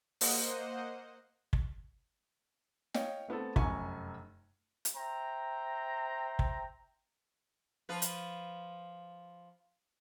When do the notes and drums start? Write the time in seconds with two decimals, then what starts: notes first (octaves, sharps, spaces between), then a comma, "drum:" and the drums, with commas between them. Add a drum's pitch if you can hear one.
0.21 A#3 C5 D#5 F#5, drum: open hi-hat
1.53 drum: kick
2.94 C#5 D#5 F5 G5, drum: snare
3.28 A3 B3 C4 A4
3.56 F1 F#2 G#5 A#5 C#6, drum: kick
4.85 drum: hi-hat
4.95 C5 E5 G5 A#5
6.39 drum: kick
7.89 F3 F4 B4
8.02 drum: hi-hat